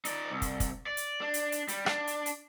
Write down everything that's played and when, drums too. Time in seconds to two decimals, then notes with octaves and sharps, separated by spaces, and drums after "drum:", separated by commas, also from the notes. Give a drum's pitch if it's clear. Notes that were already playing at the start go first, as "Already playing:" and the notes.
0.05 D#4 D5, drum: hi-hat
0.30 C2
0.42 drum: kick, hi-hat
0.60 drum: kick, hi-hat
0.86 D5
0.97 drum: hi-hat
1.21 D4
1.34 drum: hi-hat
1.52 drum: hi-hat
1.68 G3, drum: hi-hat
1.86 D4, drum: rim click
2.07 drum: hi-hat
2.26 drum: hi-hat